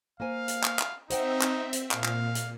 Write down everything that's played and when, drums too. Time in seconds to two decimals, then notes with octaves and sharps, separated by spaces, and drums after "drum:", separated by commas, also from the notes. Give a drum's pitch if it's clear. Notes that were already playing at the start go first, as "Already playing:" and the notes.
0.20 A#3 C5 F5 G#5
0.48 drum: hi-hat
0.63 drum: clap
0.79 drum: clap
1.10 C4 D#4 C5 E5 F#5 G5, drum: hi-hat
1.41 drum: clap
1.73 drum: hi-hat
1.91 A#2 F5, drum: clap
2.04 drum: clap
2.35 drum: hi-hat